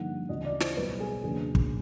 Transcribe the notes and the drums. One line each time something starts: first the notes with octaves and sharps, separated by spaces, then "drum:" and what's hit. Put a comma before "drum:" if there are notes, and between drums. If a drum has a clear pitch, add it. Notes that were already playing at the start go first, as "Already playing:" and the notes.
Already playing: G2 D3 F3 A#3 D#4 F#5
D2 C#3 E3 D#5
D5
C5, drum: snare
B1 B2 G3 B4
G#4
E2 C#3 F#3 A#3 D4 G#4
drum: kick